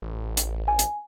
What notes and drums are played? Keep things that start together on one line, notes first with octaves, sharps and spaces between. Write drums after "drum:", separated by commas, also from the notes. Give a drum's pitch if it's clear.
A1
drum: hi-hat
G#5
drum: hi-hat